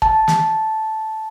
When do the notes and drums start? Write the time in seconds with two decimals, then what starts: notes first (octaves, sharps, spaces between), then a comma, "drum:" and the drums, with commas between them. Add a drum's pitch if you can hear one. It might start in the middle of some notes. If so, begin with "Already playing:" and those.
0.02 A5, drum: kick
0.28 drum: snare